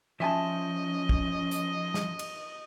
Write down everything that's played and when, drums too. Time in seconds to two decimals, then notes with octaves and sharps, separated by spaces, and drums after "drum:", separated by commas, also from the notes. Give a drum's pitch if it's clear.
0.20 F3 C#4 D#5 E5 G#5 A5
1.09 drum: kick
1.51 drum: hi-hat
1.94 drum: snare
2.19 drum: cymbal